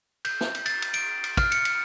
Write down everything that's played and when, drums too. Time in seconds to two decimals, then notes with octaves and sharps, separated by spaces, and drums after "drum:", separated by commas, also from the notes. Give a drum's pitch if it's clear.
0.25 G6, drum: cymbal
0.41 drum: snare
0.55 drum: cymbal
0.66 A6, drum: cymbal
0.82 drum: cymbal
0.94 D7, drum: cymbal
1.24 drum: cymbal
1.37 F6, drum: kick, cymbal
1.52 C#7, drum: cymbal
1.65 drum: cymbal